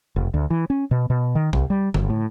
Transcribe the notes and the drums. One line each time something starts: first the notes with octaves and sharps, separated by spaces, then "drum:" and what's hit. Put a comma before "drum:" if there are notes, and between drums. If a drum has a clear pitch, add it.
F1
D2
E3
C#4
B2
B2
D#3
C2, drum: kick A#1
G3
G1, drum: tom D3
A2